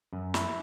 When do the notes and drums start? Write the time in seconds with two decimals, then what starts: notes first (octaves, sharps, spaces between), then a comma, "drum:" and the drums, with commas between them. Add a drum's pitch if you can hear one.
0.13 F#2
0.34 E4, drum: snare